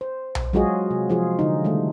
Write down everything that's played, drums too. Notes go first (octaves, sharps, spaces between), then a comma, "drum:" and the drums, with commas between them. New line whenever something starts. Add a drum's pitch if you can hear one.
C5
drum: tom B1
F#3 G#3 F4 F#4 G#4 D#5
C3
F3 F4 G#4
D3 D#4
D#3 G3 A3